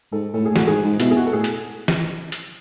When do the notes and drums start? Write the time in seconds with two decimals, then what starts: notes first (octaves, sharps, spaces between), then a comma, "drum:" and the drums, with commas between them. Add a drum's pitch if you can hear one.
0.12 G#2 A4
0.34 A2 A4
0.45 A2 G#4
0.56 F#4, drum: snare
0.67 G#2 G#4
0.84 G#2
1.00 B2 E4, drum: hi-hat
1.11 G#4
1.16 B2 F#4
1.26 A4
1.33 A2 G#4
1.44 drum: hi-hat
1.88 drum: snare
2.32 drum: hi-hat